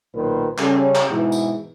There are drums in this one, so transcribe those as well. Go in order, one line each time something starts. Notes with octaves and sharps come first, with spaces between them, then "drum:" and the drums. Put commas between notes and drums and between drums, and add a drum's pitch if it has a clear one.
B1 A#2 D#3 B4 C5
C#3 G3 C#4 A4, drum: clap
drum: clap
G#2 B2 E3
drum: tambourine